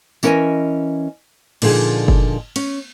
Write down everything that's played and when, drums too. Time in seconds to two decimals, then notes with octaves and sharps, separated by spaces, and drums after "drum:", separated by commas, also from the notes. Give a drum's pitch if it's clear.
0.23 E3 C#4 A#4 C#5 D#5 G#5, drum: tambourine
1.62 A#2 D3 F3 D#4 G#4, drum: cymbal
2.08 drum: kick F#1
2.56 C#4, drum: cymbal